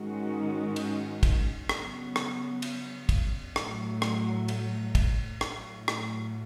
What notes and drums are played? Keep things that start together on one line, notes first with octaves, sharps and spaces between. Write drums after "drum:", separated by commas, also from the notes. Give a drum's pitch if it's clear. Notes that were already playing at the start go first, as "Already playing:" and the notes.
Already playing: G#2 D#3 G#3 C#4 F#4
drum: cymbal
drum: kick, cymbal
C#3 F#3 B3, drum: rim click
drum: rim click
drum: cymbal
drum: kick, cymbal
A2 F#3 A3, drum: rim click
drum: rim click
drum: cymbal
drum: kick, cymbal
A2 F#3 A3, drum: rim click
drum: rim click